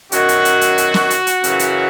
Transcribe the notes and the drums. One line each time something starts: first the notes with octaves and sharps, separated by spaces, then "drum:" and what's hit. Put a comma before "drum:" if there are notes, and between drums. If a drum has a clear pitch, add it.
F#2 D#3 F#3 F#4, drum: hi-hat
drum: hi-hat
drum: hi-hat
drum: hi-hat
drum: hi-hat
drum: snare
drum: hi-hat
drum: hi-hat
F#2 C#3 E3, drum: hi-hat
drum: hi-hat